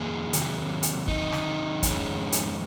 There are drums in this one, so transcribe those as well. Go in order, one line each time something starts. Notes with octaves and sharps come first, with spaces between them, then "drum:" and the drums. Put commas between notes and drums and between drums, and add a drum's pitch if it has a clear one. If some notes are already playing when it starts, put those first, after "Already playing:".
Already playing: F2 D#3 A#3 C#4 G#4
C3 D#3 F#3, drum: hi-hat
drum: hi-hat
D#4, drum: kick
drum: snare
F2 D#3 G#3 C#4, drum: kick, hi-hat
drum: hi-hat